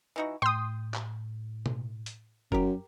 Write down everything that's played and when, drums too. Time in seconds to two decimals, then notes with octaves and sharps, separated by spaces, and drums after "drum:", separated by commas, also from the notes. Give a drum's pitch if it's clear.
0.16 E3 D#4 F#4
0.42 A2 G5 C6 D#6
0.94 drum: clap
1.66 drum: tom B2
2.06 drum: hi-hat
2.52 F#2 G4 A#4, drum: kick F1